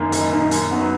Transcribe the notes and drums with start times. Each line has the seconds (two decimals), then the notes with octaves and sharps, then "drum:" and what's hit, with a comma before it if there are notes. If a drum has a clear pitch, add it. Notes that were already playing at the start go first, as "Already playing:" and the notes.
Already playing: F#1 F#2 D#3 A#3
0.12 F#1, drum: hi-hat
0.32 F#2 D#3 A#3
0.51 F#2, drum: hi-hat
0.71 D#3 F#3 B3 F#4